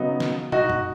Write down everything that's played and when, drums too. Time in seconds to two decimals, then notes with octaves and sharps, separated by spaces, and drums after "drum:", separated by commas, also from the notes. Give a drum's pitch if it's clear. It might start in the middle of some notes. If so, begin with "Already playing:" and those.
Already playing: C#3 F#3 B3 D#4
0.20 drum: snare
0.52 D#4 F#4, drum: tom
0.70 drum: tom F#2